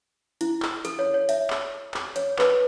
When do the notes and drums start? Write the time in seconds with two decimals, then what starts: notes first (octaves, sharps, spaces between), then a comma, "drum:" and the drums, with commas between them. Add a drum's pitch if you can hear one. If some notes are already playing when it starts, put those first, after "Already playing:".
0.41 E4, drum: hi-hat
0.62 drum: clap
0.85 A4, drum: hi-hat
0.99 C#5
1.14 C#5
1.29 E5, drum: hi-hat
1.50 drum: clap
1.94 drum: clap
2.16 C#5, drum: hi-hat
2.39 B4, drum: clap